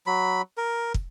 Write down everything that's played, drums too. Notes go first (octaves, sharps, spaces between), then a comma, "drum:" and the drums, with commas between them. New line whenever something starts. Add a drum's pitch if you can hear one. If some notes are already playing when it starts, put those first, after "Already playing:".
F#3 B5
A#4
drum: kick